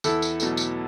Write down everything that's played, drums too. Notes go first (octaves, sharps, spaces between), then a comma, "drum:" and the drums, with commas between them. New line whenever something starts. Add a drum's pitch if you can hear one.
E2 E4 A4, drum: tambourine
drum: tambourine
B2 F#3 A3, drum: tambourine
drum: tambourine